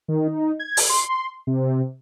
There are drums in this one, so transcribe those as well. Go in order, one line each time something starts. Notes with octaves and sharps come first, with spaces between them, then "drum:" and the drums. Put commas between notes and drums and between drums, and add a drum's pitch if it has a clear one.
D#3
D#4
G#6
drum: open hi-hat
C6
C3